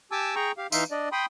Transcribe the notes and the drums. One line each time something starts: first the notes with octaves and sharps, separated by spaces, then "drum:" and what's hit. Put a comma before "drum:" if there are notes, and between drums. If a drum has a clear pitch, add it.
G4 G#5 A5 D6 E6
G#4 G5 A#5 C#6
G4 F5
E3 D#4 E5 F5 C6, drum: tambourine
D4 D5 D#5
G5 B5 C6 D#6